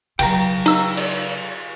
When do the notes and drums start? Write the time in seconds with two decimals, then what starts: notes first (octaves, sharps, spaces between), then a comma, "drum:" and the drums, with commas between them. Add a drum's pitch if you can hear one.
0.19 C#3 F#3 G5 A#5, drum: cymbal
0.66 D#4 E6, drum: cymbal
0.97 drum: cymbal